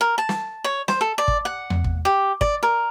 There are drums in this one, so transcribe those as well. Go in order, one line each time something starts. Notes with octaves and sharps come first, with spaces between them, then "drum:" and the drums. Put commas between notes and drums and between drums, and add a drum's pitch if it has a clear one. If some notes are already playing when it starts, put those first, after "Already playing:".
A#4
A5
drum: snare
C#5
C5, drum: snare
A4
D5
drum: kick
F#5
drum: tom E2
drum: kick
G4
D5, drum: kick
A#4